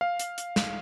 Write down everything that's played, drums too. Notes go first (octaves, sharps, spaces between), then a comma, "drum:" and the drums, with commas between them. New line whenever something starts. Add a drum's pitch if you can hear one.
F5
drum: hi-hat
drum: hi-hat
drum: snare